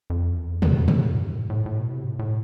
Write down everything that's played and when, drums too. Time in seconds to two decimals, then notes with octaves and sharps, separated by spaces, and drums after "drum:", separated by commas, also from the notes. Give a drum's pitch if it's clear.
0.10 F2
0.37 E2
0.62 E2, drum: tom
0.76 F2
0.88 G2, drum: tom
1.01 A2
1.15 G2
1.32 A2
1.50 A2
1.66 A2
1.80 B2
1.92 C3
2.06 A2
2.19 A2